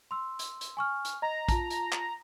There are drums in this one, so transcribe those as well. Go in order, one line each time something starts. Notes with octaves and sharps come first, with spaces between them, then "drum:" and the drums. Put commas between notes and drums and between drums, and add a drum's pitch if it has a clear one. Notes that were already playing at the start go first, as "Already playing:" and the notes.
C6 E6
drum: hi-hat
drum: hi-hat
G#5 C#6 F6
drum: hi-hat
D#5 A#5
F4 A5, drum: kick A#1, hi-hat
drum: hi-hat
drum: clap